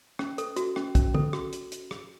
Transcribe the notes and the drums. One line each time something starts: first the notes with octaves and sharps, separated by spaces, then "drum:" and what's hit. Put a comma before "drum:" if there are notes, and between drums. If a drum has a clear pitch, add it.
C#4, drum: rim click
A4, drum: hi-hat
F#4, drum: hi-hat
C#4, drum: rim click
C#4, drum: kick, hi-hat
A4, drum: tom
F#4, drum: rim click
drum: hi-hat
drum: hi-hat
drum: rim click